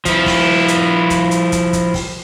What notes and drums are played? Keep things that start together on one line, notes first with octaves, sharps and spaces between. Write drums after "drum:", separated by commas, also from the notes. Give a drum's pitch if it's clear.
F3 E4, drum: kick, hi-hat
drum: kick, open hi-hat
drum: hi-hat
drum: kick, hi-hat
drum: hi-hat
drum: kick, hi-hat
drum: kick, hi-hat
drum: kick, open hi-hat